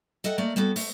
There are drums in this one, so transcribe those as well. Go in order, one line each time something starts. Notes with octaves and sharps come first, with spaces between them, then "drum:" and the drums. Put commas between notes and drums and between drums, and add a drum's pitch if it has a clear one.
A4 D#5 E5 F#5 G5
A3 A#3 D5 D#5
G3 B3 F#4 A4
A3, drum: open hi-hat